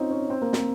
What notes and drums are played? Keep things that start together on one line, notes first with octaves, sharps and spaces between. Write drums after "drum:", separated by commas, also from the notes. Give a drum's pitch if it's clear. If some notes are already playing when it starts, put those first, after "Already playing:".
Already playing: C4 C#4 D#4 F4
C#4
C4
A#3
C4, drum: snare